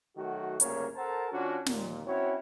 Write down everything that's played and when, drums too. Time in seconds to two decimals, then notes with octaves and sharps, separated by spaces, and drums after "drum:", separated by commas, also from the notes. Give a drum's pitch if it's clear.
0.17 D#3 F#3 A3 F#4
0.60 G1 D2 C#3 A#3 A#4 C#5, drum: hi-hat
0.96 A4 A#4 C5 F#5 A5 A#5
1.31 D#3 C#4 D4 F4 F#4
1.66 D#2 A#2, drum: snare
2.05 C4 C#4 E4 F#4 C#5